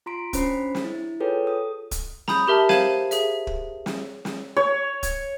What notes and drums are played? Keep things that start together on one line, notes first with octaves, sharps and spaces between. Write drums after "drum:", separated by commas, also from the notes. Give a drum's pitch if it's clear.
F4 A#5 C6 B6 D7
C#4 D4 C5 B5 B6 C7, drum: kick, hi-hat
drum: snare
E4
F4 G#4 A4 B4 C#5 G5
A4 D#6
drum: kick, hi-hat
A#5 B5 D#6 G6, drum: snare
G4 A#4 E5 A5
C5 F5 G#6 D#7 E7 F#7, drum: snare
G#4 E5, drum: hi-hat
drum: kick
drum: snare
drum: snare
C#5
drum: kick, hi-hat